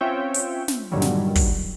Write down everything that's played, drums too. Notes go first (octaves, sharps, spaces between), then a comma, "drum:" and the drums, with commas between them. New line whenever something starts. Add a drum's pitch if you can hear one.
C4 C#4 F4 C#5 E5 G5
drum: hi-hat
drum: snare
G2 A#2 D3 D#3 F#3 G3
drum: snare
drum: kick, open hi-hat